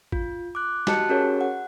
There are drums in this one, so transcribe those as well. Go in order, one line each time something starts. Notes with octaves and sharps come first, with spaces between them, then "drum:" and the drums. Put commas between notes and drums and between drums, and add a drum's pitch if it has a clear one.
F4, drum: kick
D6 F#6
F#4 G4 D#5 A5 F#6 C#7, drum: snare
C#4 F#4 G#4 A#4 C#5
F#5